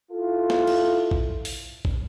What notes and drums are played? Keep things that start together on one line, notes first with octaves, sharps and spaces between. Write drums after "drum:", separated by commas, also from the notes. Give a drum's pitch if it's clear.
E4 F4 A4
drum: snare
drum: cymbal
drum: kick
drum: open hi-hat
drum: kick